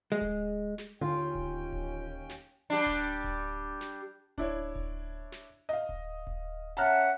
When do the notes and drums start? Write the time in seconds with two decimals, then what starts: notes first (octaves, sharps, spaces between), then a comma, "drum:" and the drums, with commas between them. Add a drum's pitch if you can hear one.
0.12 G#3
0.21 drum: kick D1
0.78 drum: snare
1.01 D#2 D3 C#4 F4 G5
1.35 drum: kick D1
1.73 drum: kick D1
2.29 drum: snare
2.70 G3 D4
2.86 drum: kick D1
3.24 drum: kick D1
3.81 drum: snare
4.38 D4 E4 C#5, drum: kick D1
4.75 drum: kick D1
5.32 drum: snare
5.69 D#5 F5
5.89 drum: kick D1
6.27 drum: kick D1
6.77 C#4 E5 F#5 A5 A#5 F6